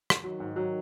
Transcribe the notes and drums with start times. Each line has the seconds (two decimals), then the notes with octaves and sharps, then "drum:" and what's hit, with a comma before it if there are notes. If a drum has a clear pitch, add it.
0.10 drum: rim click
0.24 D#3 F#3
0.40 G#2
0.56 F#3